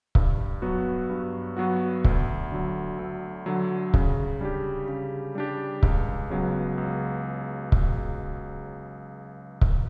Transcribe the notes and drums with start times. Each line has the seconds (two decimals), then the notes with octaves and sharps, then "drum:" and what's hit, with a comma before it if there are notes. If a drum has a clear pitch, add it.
0.15 G2, drum: kick C#1
0.62 F#3 B3 F#4
1.10 G2
1.57 F#3 B3 F#4
2.04 D2, drum: kick C#1
2.52 D3 F#3
2.99 D2
3.46 D3 F#3
3.94 C#3, drum: kick C#1
4.41 G3 D4 G4
4.88 C#3
5.35 G3 D4 G4
5.83 C#2, drum: kick C#1
6.30 C#3 F#3 B3
6.78 C#2
7.72 drum: kick C#1
9.61 drum: kick C#1